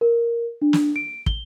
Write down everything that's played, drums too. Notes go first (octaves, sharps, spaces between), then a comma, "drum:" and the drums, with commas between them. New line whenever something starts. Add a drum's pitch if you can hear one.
A#4
D4
drum: snare
D7
G7, drum: kick